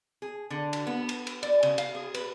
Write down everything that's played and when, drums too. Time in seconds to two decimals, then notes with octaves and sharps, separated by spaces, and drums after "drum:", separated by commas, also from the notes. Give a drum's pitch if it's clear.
0.22 G#4
0.50 D3
0.73 drum: cymbal
0.87 B3
1.09 drum: cymbal
1.27 drum: cymbal
1.43 D5, drum: cymbal
1.63 C#3, drum: cymbal
1.78 F5, drum: cymbal
1.95 G#4
2.14 B4, drum: cymbal